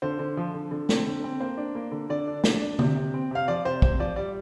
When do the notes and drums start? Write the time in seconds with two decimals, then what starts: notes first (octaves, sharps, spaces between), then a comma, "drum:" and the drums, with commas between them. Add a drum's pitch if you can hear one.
0.02 D3 C5
0.19 D3
0.37 F3
0.54 D3
0.71 D3
0.89 C4, drum: snare
1.06 D3
1.24 C4
1.40 A#3 C5
1.57 D4
1.75 A#3
1.92 D3
2.10 D3 D5
2.27 D4
2.44 D4, drum: snare
2.61 D4
2.79 C3, drum: tom
2.96 C3
3.14 C4
3.31 C3 F5
3.48 F3 D5
3.65 C3 C5
3.82 C3 C5, drum: kick
3.99 F3 D5
4.16 G3 D5